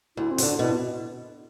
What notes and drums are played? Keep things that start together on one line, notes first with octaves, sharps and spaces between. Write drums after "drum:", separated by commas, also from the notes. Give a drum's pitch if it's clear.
D2 E4
C4
F#3, drum: open hi-hat
D3 D4
B2 E4